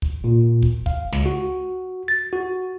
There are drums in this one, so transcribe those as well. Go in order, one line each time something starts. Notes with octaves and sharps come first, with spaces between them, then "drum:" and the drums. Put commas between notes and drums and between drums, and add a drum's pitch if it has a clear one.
drum: kick
A#2
drum: kick
F5, drum: kick
C#2, drum: snare
F#4
A6
F#4